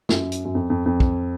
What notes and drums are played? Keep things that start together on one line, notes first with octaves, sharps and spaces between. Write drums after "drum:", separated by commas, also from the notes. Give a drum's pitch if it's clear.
F#2, drum: snare
drum: hi-hat
F#2
F2
F2
F2
drum: kick